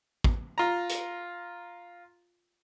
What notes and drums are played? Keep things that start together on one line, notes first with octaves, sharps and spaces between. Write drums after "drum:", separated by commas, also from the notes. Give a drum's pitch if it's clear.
drum: kick
F4 A#5
drum: hi-hat